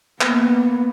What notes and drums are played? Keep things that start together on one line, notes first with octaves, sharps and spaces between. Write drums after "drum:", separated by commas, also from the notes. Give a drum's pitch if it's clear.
A#3 B3, drum: clap